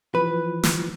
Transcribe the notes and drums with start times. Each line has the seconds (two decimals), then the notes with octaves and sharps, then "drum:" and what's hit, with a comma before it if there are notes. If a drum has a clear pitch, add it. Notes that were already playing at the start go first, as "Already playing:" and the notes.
0.15 E3 F3 B4
0.63 drum: snare